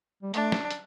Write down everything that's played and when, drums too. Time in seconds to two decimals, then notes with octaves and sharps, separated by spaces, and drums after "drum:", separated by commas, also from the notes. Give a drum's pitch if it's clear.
0.23 G3
0.34 A3 D4, drum: hi-hat
0.52 drum: snare
0.71 drum: hi-hat